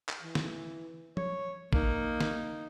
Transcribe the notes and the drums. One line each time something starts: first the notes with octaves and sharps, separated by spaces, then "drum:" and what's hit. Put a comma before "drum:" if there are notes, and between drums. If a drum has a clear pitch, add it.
drum: clap
E3
drum: snare
C#5, drum: tom F3
A#3 D#4, drum: kick G#1
drum: snare